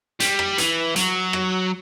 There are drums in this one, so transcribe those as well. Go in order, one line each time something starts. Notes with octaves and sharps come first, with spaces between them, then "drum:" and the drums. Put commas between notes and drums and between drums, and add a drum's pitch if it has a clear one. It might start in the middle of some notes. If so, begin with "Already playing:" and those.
G3, drum: hi-hat
drum: rim click
E3, drum: hi-hat
F#3, drum: hi-hat
drum: rim click